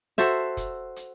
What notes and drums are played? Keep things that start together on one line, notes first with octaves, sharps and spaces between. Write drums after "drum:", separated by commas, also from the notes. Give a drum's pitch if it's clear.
F#4 A4 C5 E5, drum: hi-hat
drum: kick, hi-hat
drum: hi-hat